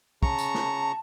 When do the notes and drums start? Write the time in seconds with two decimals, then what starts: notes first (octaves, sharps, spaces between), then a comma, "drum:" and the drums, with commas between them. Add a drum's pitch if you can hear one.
0.23 C#3 A5 A#5 C#6, drum: kick
0.39 drum: tambourine
0.55 drum: snare